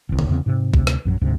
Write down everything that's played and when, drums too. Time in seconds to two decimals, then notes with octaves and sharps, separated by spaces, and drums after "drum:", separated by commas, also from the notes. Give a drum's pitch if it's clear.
0.09 D#1 C2
0.19 drum: tom D3
0.29 E2 C#3 C4
0.46 G#2 C3
0.74 D2 C3, drum: kick
0.87 drum: rim click
1.05 A#1 F#2 E3 F#3
1.21 D1 D2 G#2 C3